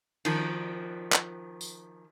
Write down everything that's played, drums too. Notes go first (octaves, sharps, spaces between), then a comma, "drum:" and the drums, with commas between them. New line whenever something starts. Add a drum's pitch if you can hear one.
D#3 F3, drum: cymbal
drum: clap
drum: tambourine